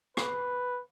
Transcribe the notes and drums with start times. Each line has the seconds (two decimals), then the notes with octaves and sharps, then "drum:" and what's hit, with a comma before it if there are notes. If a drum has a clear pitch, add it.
0.17 B4, drum: rim click